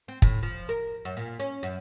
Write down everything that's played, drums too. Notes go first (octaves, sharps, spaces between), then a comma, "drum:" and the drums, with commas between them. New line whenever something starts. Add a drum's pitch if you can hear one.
C4
A2, drum: kick
F3
A#4
F#2
A#2
C#4
F#2